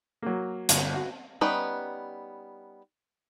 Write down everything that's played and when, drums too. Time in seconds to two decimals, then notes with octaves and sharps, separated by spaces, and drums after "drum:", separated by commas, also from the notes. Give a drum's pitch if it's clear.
0.22 F#3 A#3
0.69 G1, drum: hi-hat
0.94 F#4
1.41 G3 B3 C#4 D#4 B4